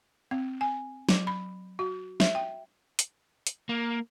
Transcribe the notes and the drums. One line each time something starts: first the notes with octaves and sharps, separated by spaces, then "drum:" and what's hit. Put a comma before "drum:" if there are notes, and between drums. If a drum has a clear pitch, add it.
C4
G#5
F#3, drum: snare
B5
F#4
E5, drum: snare
G5
drum: hi-hat
drum: hi-hat
A#3